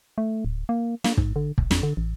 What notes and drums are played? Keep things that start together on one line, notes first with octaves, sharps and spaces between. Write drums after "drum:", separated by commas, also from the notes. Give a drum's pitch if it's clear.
A3
D1
A#3
A#3, drum: snare
G#2, drum: kick
D3
E1, drum: kick
F2, drum: snare
D3
A1